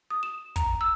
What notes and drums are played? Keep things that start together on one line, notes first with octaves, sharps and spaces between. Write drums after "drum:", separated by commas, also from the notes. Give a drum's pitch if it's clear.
D#6
E7
A#5, drum: kick, hi-hat
E6